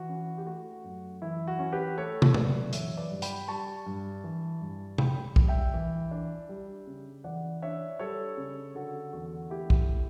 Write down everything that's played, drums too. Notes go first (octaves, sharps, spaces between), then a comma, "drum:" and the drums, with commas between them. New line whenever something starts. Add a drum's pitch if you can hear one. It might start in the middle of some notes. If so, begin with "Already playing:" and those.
Already playing: E3 F#4
C#4
G4
A3 F#4
F#2
E3 E4
F#4
C#4
G4 B4
A3 A4 C#5
drum: tom
F#2 B4 D5, drum: tom C3
E3 C#5 E5, drum: hi-hat
B4 D5
G2
G5 B5, drum: hi-hat
G3 A5 C#6
G2
E3
G2
G3 G5 B5, drum: tom C3
G2, drum: kick
E5 G5
E3
D4
G3
C#3
E3 D5 F#5
D4 C#5 E5
G3 A4 C#5
C#3
D3 F#4 A4
E2 F#4 A4
A3 E4 G4
drum: kick